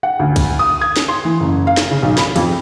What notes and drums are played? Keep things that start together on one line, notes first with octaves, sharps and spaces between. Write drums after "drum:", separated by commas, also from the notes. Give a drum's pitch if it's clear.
F#5
D2
drum: kick C2, cymbal
D#6
G#6
drum: snare
C6
E3
F#1
F5
drum: snare
C#3
B1
B5, drum: snare
F2, drum: cymbal